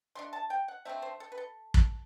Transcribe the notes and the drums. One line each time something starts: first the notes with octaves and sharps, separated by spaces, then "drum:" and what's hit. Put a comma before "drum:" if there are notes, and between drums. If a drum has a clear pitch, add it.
D3 A3 D4 C6
A5
G5
F#5
D3 A3 C4 E5
C5
A4
B4
A4
drum: kick